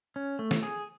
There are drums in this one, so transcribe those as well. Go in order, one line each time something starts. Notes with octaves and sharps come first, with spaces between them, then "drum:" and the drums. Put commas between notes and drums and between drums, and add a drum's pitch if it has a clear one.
C#4
A3
drum: snare
G#4